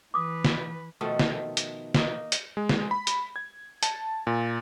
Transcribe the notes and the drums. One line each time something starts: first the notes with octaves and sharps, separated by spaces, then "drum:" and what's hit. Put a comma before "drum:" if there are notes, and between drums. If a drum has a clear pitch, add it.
E3 B4 D6 D#6
drum: snare
B2 D#3 F3 A3
drum: snare
drum: hi-hat
A#3 D#4, drum: snare
drum: hi-hat
G#3
drum: snare
B5
drum: hi-hat
G#6
A5, drum: hi-hat
A#2